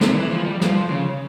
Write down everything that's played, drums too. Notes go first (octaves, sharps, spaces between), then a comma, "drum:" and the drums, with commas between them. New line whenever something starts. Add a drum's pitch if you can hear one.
C3, drum: snare
E3
F3
G3
F3, drum: snare
C#3